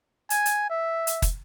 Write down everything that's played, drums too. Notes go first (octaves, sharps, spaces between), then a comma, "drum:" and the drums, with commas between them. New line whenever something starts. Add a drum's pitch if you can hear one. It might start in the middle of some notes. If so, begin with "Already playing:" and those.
G#5, drum: hi-hat
drum: hi-hat
E5
drum: hi-hat
drum: kick, hi-hat